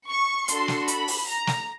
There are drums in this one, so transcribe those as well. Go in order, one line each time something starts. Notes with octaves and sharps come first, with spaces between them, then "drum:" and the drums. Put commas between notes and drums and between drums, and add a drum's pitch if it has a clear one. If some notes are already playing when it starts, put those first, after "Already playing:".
C#6
D4 F#4 A4 C6, drum: hi-hat
drum: snare
B5, drum: hi-hat
drum: open hi-hat
A#5
drum: snare